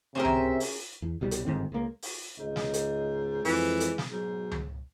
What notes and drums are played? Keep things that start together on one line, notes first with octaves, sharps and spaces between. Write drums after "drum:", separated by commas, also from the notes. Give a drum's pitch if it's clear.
C3 C#4 G#4 A#4 C5 E5
drum: tom C#2
drum: open hi-hat
E2
C2 B2 G3
drum: hi-hat
G1 G#2 D#3 C4
C#2 A#3
drum: open hi-hat
C#2 G#2 D#5
drum: snare
drum: hi-hat
F2 E3 G#3, drum: open hi-hat
drum: hi-hat
drum: snare
G#2 B2 F#3
drum: tom C#2